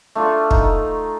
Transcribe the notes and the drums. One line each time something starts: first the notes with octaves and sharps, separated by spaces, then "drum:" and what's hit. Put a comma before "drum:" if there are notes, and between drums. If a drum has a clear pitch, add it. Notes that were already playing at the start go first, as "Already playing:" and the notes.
A3 D4 F4
D#4, drum: kick